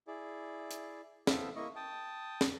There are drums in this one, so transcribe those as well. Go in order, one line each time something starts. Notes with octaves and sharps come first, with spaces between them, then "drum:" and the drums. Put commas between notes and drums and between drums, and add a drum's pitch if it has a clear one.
E4 G#4 D5
drum: hi-hat
B3 C4 E4 A4 E5 F5, drum: snare
A#3 E4 D#5 C#6
G5 A5 D#6
drum: snare